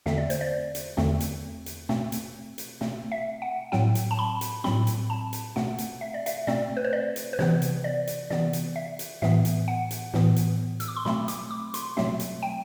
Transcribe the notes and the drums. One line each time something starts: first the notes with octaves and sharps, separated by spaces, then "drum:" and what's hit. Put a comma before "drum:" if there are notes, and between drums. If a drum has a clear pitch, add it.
E2 D3 A3 C4 E5, drum: snare
D5
C5, drum: hi-hat
D5
drum: hi-hat
E2 D3 A3 C4, drum: snare
drum: hi-hat
drum: hi-hat
B2 A3 C4, drum: snare
drum: hi-hat
drum: hi-hat
B2 A3 C4, drum: snare
E5
F#5
A2 F#3 C4 G5, drum: snare
drum: hi-hat
A5
B5
drum: hi-hat
A2 F#3 C4 B5, drum: snare
drum: hi-hat
A5
drum: hi-hat
B2 A3 C4 F#5, drum: snare
drum: hi-hat
E5
D5
E5, drum: hi-hat
B2 A3 C4 D5, drum: snare
B4
C5
D5
drum: hi-hat
B4
C3 E3 B3 C5, drum: snare
drum: hi-hat
D5
drum: hi-hat
C3 E3 B3 D5, drum: snare
drum: hi-hat
E5
drum: hi-hat
A2 E3 B3 E5, drum: snare
drum: hi-hat
F#5
drum: hi-hat
A2 E3 B3, drum: snare
drum: hi-hat
E6, drum: hi-hat
D6
C6
B2 F#3 A3 C4 B5, drum: snare
D6, drum: hi-hat
D6
C6, drum: hi-hat
B2 F#3 A3 C4 E5, drum: snare
drum: hi-hat
G5